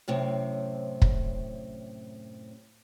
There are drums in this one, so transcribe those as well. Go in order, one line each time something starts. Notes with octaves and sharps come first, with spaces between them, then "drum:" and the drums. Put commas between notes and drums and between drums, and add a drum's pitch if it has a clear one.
F#2 A2 C3 C4
drum: kick